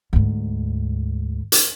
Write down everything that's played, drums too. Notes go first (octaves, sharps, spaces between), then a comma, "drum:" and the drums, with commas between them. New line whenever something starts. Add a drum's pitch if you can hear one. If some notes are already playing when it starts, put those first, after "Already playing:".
D2 G#2
drum: hi-hat